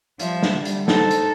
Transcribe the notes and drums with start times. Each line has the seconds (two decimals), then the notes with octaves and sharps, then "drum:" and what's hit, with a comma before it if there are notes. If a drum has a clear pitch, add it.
0.19 F3 G3 E5, drum: hi-hat
0.43 drum: snare
0.52 D3 G3
0.65 drum: hi-hat
0.88 D#4 A4 A#4 C5, drum: snare
1.11 drum: hi-hat